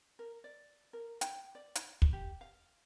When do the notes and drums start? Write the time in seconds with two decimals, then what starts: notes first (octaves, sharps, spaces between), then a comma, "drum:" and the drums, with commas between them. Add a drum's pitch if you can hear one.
0.19 A#4
0.44 D5
0.93 A#4
1.21 G5, drum: hi-hat
1.55 D5
1.75 drum: hi-hat
2.02 drum: kick
2.13 G4
2.41 F5